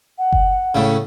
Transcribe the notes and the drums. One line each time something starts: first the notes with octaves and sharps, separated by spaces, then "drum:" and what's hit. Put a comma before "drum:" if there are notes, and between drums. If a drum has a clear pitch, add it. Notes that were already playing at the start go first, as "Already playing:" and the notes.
F#5
drum: kick F#1
A2 C#3